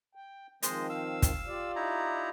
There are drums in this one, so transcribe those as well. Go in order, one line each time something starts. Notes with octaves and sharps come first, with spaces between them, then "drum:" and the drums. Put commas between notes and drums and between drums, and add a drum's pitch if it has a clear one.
G5
D#3 F3 G#3 C4 C5 D#5, drum: hi-hat
F5 E6
drum: kick, hi-hat
F4 G4 D5
D#4 E4 A#5